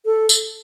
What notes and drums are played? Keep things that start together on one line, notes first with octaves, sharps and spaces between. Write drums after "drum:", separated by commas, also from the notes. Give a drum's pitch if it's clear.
A4
drum: tambourine